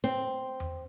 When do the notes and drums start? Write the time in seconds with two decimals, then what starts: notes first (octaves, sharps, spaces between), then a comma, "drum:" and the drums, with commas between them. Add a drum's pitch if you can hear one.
0.04 C4
0.60 drum: tom E2